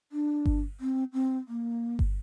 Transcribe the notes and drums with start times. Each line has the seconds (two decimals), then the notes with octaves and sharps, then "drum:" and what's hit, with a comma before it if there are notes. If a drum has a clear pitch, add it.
0.12 D4
0.46 drum: kick G1
0.80 C4
1.13 C4
1.48 A#3
1.99 drum: kick G1